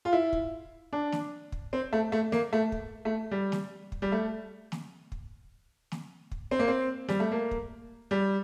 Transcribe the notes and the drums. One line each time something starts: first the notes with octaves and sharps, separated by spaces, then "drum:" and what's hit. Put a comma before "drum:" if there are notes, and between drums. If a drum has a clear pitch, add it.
F4
E4
drum: kick
D4
drum: snare
drum: kick
C4
A3
A3
A#3, drum: snare
A3
drum: kick
A3
G3
drum: snare
drum: kick
G3
A3
drum: snare
drum: kick
drum: snare
drum: kick
C4
A#3
C4
G3, drum: snare
A3
A#3
drum: kick
G3